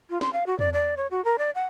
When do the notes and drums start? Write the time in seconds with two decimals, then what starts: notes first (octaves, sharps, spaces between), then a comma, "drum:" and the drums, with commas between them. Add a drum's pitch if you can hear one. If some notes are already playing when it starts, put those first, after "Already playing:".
0.10 F4
0.21 C6, drum: snare
0.33 F5
0.46 F#4
0.59 D5, drum: tom E2
0.73 D5
0.97 C#5
1.11 F#4
1.25 A#4
1.38 D5
1.55 F#5